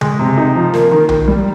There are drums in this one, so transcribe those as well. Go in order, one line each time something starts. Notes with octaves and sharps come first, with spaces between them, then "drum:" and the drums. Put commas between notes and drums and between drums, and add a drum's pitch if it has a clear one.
G#3, drum: tom C#3
C3
D#4
F3
A#3, drum: snare
D#3
D#3, drum: tom B1
G3